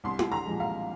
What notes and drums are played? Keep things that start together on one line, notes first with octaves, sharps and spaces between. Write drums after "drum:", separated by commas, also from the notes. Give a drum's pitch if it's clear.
C2 C6
drum: tom E4
A#5
A#2 F3 G#3
F5